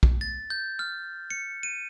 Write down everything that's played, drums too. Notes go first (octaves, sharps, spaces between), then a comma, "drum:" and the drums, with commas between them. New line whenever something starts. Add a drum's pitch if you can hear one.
drum: kick
A6
G6
F6
C#7
D#7